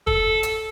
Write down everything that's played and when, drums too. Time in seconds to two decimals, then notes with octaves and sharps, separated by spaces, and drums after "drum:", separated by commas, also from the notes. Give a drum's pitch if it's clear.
0.07 A4, drum: kick
0.43 drum: hi-hat